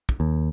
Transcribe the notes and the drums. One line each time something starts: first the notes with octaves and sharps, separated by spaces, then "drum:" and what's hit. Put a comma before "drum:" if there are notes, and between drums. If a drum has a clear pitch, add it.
drum: kick
D#2